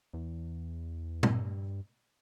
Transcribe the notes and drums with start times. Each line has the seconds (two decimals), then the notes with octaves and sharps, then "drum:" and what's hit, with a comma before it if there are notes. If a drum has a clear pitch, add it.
0.13 E2
1.23 G2, drum: tom A#2